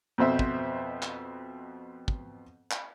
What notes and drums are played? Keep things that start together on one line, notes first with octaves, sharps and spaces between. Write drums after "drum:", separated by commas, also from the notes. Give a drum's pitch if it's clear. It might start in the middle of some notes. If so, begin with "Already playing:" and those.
F2 B2 C5 E5
drum: kick
drum: clap
drum: kick
drum: clap